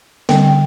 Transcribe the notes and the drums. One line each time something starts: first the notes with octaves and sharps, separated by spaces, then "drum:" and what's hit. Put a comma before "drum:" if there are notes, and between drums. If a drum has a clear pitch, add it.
D3 G3 C4 G5, drum: snare
G5